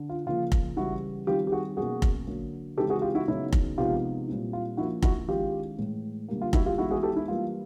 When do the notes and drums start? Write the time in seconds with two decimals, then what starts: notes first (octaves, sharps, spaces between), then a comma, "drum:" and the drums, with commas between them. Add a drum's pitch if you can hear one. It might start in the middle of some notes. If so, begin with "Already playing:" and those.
Already playing: D3
0.09 F4
0.26 C#3 F3 A#3 F4
0.52 drum: kick F1
0.77 C#3 E3 G3 E4 F#4
1.27 D#3 G3 C4 D#4 F4 G4
1.47 G4
1.52 F#4 G#4
1.77 B2 F#3 A#3 C#4 F#4 G#4
2.02 drum: kick F1
2.27 D3 F#3 A#3
2.77 C#3 E3 G#3 C4 E4 G4 A4
2.90 F#4 G#4
3.02 F4 G4
3.15 E4 F#4
3.28 C#3 F#3 B3 D#4 E4
3.53 drum: kick F1
3.78 C3 F3 G#3 B3 D#4 F4 G4
4.28 A#2 G3 C4 E4
4.53 F4
4.77 F3 A#3 D4 E4 F#4
5.02 E4 F#4, drum: kick F1
5.28 D#3 G#3 C#4 E4 F4 G4
5.79 A2 E3 G#3
6.28 D3 G3 A#3
6.42 F4
6.53 E4 F#4, drum: kick F1
6.66 F4 G4
6.78 E3 G#3 B3 E4 F#4
6.91 F#4 G#4
7.03 G4 A4
7.16 E4
7.28 E3 G3 A#3 F4